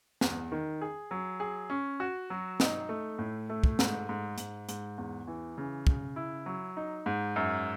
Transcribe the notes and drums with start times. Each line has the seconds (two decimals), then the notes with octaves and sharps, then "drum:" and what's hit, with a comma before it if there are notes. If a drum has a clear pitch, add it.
0.21 E2, drum: snare
0.52 D#3
0.81 G#4
1.11 F#3
1.40 G#4
1.70 C#4
2.00 F#4
2.30 F#3
2.60 D#4, drum: snare
2.89 A3
3.19 A2
3.49 A3
3.64 drum: kick
3.79 G#2, drum: snare
4.09 G#2
4.38 G#2, drum: hi-hat
4.69 G#2, drum: hi-hat
4.98 E2
5.27 E3
5.58 C#3
5.87 C#3, drum: kick
6.16 E4
6.46 F#3
6.77 D#4
7.06 G#2
7.36 F#2